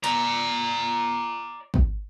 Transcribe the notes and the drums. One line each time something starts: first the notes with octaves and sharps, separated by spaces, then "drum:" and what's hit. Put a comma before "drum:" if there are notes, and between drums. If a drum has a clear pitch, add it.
D5 A#5, drum: hi-hat
drum: kick